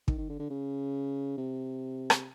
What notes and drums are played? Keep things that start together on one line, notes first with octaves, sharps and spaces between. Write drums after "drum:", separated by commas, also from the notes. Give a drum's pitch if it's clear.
D#3, drum: kick
D#3
D3
D3
C#3
C3
drum: rim click